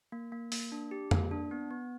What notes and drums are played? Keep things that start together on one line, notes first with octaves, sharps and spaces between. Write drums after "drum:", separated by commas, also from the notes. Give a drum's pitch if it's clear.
A#3
A#3
A#3, drum: open hi-hat
D4
G4
A#3, drum: tom F2
D4
B3
B3